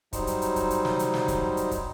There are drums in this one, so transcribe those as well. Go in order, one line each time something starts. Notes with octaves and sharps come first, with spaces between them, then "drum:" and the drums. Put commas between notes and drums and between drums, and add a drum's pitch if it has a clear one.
F#3 G3 D#4 C5, drum: kick, hi-hat
drum: hi-hat
drum: hi-hat
drum: kick, hi-hat
drum: hi-hat
drum: snare
drum: hi-hat
drum: snare
drum: kick, hi-hat
drum: hi-hat
drum: kick, hi-hat